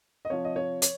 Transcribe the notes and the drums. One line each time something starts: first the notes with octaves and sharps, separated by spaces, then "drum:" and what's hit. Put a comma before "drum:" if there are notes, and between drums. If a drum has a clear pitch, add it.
D#5
C3 F3 C#5
D#5
C#5
C#5, drum: hi-hat